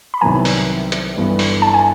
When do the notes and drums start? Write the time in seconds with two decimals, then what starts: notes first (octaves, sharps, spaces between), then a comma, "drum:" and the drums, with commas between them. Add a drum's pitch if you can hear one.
0.14 B5
0.21 C2 C3 D#3 F#3 B3 G#5 A#5
0.45 drum: open hi-hat
0.92 drum: hi-hat
1.16 G1 G2 E3 G3 B3
1.39 drum: open hi-hat
1.62 A5
1.74 G#5